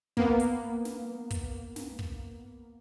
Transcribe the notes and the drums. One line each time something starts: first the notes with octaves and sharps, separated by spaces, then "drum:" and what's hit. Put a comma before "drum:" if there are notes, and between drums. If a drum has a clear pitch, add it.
A#3 B3, drum: kick
drum: hi-hat
drum: snare
drum: kick, hi-hat
drum: snare
drum: kick